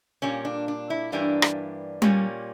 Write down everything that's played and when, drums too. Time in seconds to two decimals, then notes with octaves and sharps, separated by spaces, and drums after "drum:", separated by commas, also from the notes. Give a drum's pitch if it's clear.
0.22 A#2 G3 A#3 C#4
0.45 D4
0.68 D4
0.90 E4
1.12 G2 E3 G3 A#3 D4
1.42 drum: rim click
2.02 A#2 G3 A#3 C#4, drum: tom G3